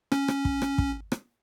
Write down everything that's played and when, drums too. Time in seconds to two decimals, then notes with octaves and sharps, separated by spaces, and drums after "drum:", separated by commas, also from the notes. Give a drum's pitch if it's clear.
0.12 C#4, drum: rim click
0.28 drum: rim click
0.45 drum: kick
0.62 drum: rim click
0.78 drum: kick
1.12 drum: rim click